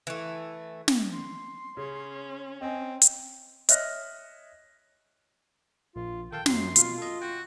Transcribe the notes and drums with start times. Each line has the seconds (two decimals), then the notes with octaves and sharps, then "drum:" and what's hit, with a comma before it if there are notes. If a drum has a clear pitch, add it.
0.07 E3 A3
0.88 drum: snare
1.12 C6
1.77 C#3 C#4
2.61 C4 D#5 G#5
3.02 drum: hi-hat
3.69 C#5 D#5 E5 F6 F#6 A#6, drum: hi-hat
5.96 A#1 F4
6.32 D#3 A4 F5 G5 A5
6.46 F#2 F#3 F4 C6, drum: snare
6.76 B2 F4 F5, drum: hi-hat
6.98 A4 D#5
7.22 F#4 G5